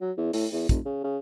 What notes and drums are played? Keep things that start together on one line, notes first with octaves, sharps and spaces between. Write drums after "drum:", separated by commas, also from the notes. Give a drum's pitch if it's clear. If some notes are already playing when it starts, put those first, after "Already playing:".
F#3
E2
A2, drum: open hi-hat
E2
F1, drum: kick, hi-hat
C#3
C#3